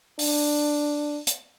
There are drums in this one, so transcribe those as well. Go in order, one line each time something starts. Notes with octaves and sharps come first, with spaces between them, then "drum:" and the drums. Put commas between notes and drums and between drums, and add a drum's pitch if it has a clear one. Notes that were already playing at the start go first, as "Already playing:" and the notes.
D4, drum: open hi-hat
drum: hi-hat